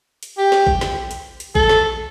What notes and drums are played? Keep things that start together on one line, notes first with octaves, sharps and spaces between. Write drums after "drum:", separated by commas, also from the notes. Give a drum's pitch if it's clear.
drum: hi-hat
G4
drum: snare
drum: kick A1
drum: snare
drum: hi-hat
drum: hi-hat
A4, drum: kick A1
drum: snare